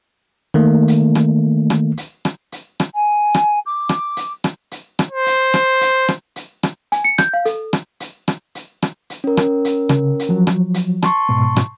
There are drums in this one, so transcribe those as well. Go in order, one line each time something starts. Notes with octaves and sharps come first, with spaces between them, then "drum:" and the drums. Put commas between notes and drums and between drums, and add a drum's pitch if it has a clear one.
D#3 A3 A#3
drum: hi-hat
drum: rim click
drum: rim click
drum: hi-hat
drum: rim click
drum: hi-hat
drum: rim click
G#5
drum: rim click
D6
drum: rim click
drum: hi-hat
drum: rim click
drum: hi-hat
drum: rim click
C5
drum: hi-hat
drum: rim click
drum: hi-hat
drum: rim click
drum: hi-hat
drum: rim click
G#5, drum: hi-hat
C#7
G6, drum: rim click
F5
A4, drum: hi-hat
drum: rim click
drum: hi-hat
drum: rim click
drum: hi-hat
drum: rim click
drum: hi-hat
C#4 A#4
drum: rim click
drum: hi-hat
C#3, drum: rim click
drum: hi-hat
F3 F#3
drum: rim click
drum: hi-hat
A5 C6 C#6, drum: rim click
G#2 B2
drum: rim click